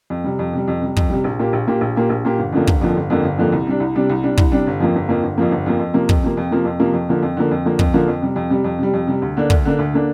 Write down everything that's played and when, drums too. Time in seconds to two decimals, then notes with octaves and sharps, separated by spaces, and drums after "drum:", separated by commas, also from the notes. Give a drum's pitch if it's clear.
0.10 F2
0.24 C3 G3
0.39 F2
0.53 C3 G3
0.68 F2
0.82 C3 G3
0.97 F2, drum: kick
1.10 C3 G3
1.24 A#1
1.39 A#2 A#3 G4
1.53 A#1
1.67 A#2 A#3 G4
1.81 A#1
1.96 A#2 A#3 G4
2.09 A#1
2.25 A#2 A#3 G4
2.38 G1
2.53 F2 D3 F3 A#3
2.67 G1, drum: kick
2.81 F2 D3 F3 A#3
2.96 G1
3.10 F2 D3 F3 A#3
3.24 G1
3.38 F2 D3 F3 A#3
3.52 C2
3.67 C3 G3 D4
3.80 C2
3.95 C3 G3 D4
4.10 C2
4.24 C3 G3 D4
4.37 C2, drum: kick
4.52 C3 G3 D4
4.67 G1
4.80 F2 F3 A#3
4.95 G1
5.09 F2 F3 A#3
5.23 G1
5.38 F2 F3 A#3
5.51 G1
5.66 F2 F3 A#3
5.80 F2
5.94 C3 F3 A#3
6.09 F2, drum: kick
6.23 C3 F3 A#3
6.37 F2
6.51 C3 F3 A#3
6.65 F2
6.79 C3 F3 A#3
6.93 F2
7.09 D3 F3 A#3
7.23 F2
7.37 D3 F3 A#3
7.51 F2
7.65 D3 F3 A#3
7.79 F2, drum: kick
7.94 D3 F3 A#3
8.08 F2
8.22 C3 G3
8.36 F2
8.50 C3 G3
8.64 F2
8.79 C3 G3
8.94 F2
9.07 C3 G3
9.22 D2
9.37 D3 A#3 D4
9.50 D2, drum: kick
9.65 D3 A#3 D4
9.79 D2
9.94 D3 A#3 D4